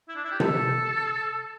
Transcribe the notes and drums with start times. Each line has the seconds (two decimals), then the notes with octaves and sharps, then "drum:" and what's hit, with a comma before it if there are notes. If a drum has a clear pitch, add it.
0.09 E4
0.16 D4
0.25 E4
0.32 G4
0.40 A4, drum: tom C3